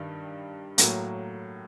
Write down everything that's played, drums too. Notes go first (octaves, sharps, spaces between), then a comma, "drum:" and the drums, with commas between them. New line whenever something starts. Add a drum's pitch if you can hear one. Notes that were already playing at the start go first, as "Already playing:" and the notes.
Already playing: G2 D#3 G3
A2 F#3 A#3, drum: hi-hat